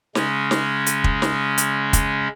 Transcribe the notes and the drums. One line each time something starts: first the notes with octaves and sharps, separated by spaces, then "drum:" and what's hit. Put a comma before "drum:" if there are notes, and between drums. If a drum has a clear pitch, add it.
C#3 G#3 C#4, drum: snare
drum: snare
drum: hi-hat
drum: kick
drum: snare
drum: hi-hat
drum: kick, hi-hat